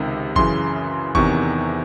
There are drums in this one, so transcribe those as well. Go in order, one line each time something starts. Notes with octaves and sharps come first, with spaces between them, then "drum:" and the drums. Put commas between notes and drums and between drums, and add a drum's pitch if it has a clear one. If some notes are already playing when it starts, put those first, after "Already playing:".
Already playing: C#2 C3 D#3
F#2 C#3 E3 C6, drum: kick
E2 C3 D#3 C#6, drum: kick